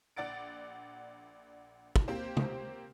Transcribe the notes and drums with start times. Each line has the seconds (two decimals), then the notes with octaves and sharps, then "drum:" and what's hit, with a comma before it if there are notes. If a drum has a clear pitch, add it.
0.17 A#1 D5 F#5 A6 D7
1.96 drum: kick
2.08 A#3 C4 G4 C5
2.37 drum: tom C3